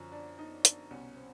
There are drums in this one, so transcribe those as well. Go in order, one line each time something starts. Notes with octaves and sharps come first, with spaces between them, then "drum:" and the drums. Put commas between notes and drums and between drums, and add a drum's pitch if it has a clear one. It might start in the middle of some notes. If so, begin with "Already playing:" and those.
Already playing: F#2 D3 F3 C#4
D4
D#4
D4, drum: hi-hat
C2 B2 C#4
C4